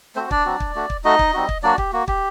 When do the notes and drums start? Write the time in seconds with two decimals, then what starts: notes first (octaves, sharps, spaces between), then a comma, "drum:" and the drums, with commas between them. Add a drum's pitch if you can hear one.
0.16 A3 C4 F#4 C5
0.31 D4 D5, drum: kick
0.45 F#3 C4 F#4
0.60 drum: kick
0.75 A3 D4 F#4
0.90 drum: kick
1.04 A3 D#4 F#4 D#5
1.19 drum: kick
1.34 G3 C4 D#4 F#4
1.49 drum: kick
1.63 F#3 A#3 D4 F#4 D5
1.78 G4, drum: kick
1.93 A#3 F#4
2.08 G4, drum: kick